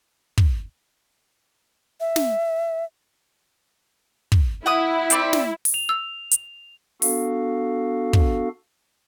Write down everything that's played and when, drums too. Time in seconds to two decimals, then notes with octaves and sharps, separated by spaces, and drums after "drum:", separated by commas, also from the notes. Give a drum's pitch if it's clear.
0.38 drum: kick
2.00 E5
2.16 drum: snare
4.32 drum: kick
4.66 E4 F#5 D#6
5.10 C4 D5 E5, drum: hi-hat
5.33 drum: snare
5.65 drum: open hi-hat
5.74 F7
5.89 E6
6.32 drum: hi-hat
7.02 B3 D4 F#4 A4 F5, drum: open hi-hat
8.13 drum: kick